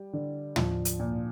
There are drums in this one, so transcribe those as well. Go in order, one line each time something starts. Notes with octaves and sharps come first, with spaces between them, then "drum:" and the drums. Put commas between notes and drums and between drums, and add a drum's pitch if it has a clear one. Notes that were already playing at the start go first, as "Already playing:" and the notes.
Already playing: G3
D3
F3, drum: tom
drum: hi-hat
A#2